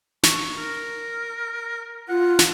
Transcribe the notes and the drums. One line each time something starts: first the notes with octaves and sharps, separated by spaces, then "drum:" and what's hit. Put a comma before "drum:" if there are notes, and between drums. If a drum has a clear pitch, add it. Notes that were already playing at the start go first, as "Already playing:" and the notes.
C#6, drum: snare
A#4
F4 F#5
drum: snare